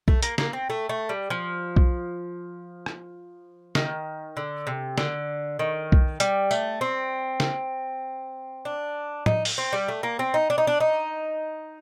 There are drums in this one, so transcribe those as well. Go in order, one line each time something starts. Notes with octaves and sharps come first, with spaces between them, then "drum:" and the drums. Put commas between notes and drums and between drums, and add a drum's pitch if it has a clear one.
A3, drum: kick B1
A#3, drum: hi-hat
A#3, drum: snare
C4
A3
A3
G3
F3
drum: kick B1
drum: rim click
D#3, drum: snare
D3
C3
D3, drum: snare
D#3
drum: kick B1
G3, drum: hi-hat
A3, drum: tambourine
C4
drum: snare
D4
D#4, drum: tom
drum: open hi-hat
C4
G3
A3
A#3
C4
D#4
D4
D#4
D4
D#4